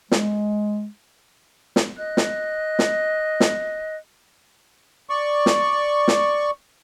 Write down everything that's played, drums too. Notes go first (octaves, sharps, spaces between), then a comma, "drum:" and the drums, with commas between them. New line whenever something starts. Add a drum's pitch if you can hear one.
G#3, drum: snare
drum: snare
D#5 F#6
drum: snare
drum: snare
drum: snare
D5 C#6
drum: snare
drum: snare